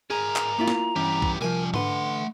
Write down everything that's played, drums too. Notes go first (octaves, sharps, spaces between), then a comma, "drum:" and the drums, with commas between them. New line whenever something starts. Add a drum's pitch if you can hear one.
G#4 A#4 G#5 A#5
drum: clap
A#3 E4 F4
drum: snare
G2 E3 B3 C#4 G4
drum: kick B1
C2 F3 G3 A#4 G#5
D3 A3 B4 F#5 C6, drum: tom G#2